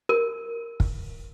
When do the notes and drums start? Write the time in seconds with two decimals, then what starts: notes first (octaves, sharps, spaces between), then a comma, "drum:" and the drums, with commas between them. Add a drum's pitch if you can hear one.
0.09 A#4
0.80 drum: kick